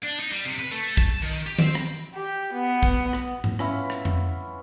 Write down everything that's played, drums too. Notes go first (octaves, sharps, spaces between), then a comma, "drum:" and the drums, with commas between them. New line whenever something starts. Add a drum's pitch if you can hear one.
D4
D#4
G3
C3
B4
A3
A5, drum: kick
D#3
G4
C4, drum: tom D#3
drum: rim click
G4
B3
drum: kick
drum: rim click
drum: tom G#2
B3 C#4 E4 F4, drum: rim click
drum: rim click
drum: tom F2